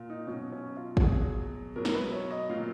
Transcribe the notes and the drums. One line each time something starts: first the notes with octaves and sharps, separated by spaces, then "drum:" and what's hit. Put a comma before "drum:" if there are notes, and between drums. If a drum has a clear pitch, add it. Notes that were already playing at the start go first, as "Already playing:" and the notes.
Already playing: A#2
D#4
B2 F#3 C#4
C#4
F4
F#4, drum: kick
B2 F#3 G#4
B2 F#3 A#4
drum: snare
B4
C#5
D#5
A#2 F#3 F5